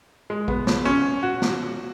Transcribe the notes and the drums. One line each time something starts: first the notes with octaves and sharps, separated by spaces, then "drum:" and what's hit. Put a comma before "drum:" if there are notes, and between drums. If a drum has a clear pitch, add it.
G#3
B3, drum: kick
drum: snare
C#4
F#4
drum: snare